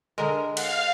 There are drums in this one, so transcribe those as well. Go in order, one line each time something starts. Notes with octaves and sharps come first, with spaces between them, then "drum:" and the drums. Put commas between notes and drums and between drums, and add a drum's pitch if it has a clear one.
D3 G#3 A#4
F5 F#5, drum: cymbal